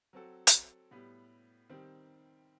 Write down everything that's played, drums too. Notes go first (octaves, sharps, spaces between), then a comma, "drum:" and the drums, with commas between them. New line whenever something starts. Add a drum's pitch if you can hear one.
F#3 C4 F#4 A4
drum: hi-hat
A2 G3 B3
D#3 G3 C4